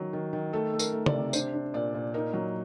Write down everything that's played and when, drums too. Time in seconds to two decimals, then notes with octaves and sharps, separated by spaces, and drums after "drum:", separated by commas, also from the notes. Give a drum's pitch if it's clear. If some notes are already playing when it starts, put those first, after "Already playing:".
Already playing: D#3 F#3
0.13 D#3
0.33 D#3
0.53 A3 A4
0.74 A3
0.79 A#4, drum: tambourine
0.93 A3
1.06 D5, drum: tom C#3
1.13 C3
1.33 D4 C5, drum: tambourine
1.54 D4
1.74 A#2 D5
1.94 A#2
2.14 D#4 A#4
2.34 F#3